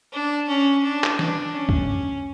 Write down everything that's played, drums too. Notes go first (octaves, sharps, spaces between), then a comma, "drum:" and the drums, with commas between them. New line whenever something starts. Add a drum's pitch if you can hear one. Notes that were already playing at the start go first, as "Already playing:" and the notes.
D4
C#4
D4
drum: clap
D4, drum: snare
C#4
drum: kick C#2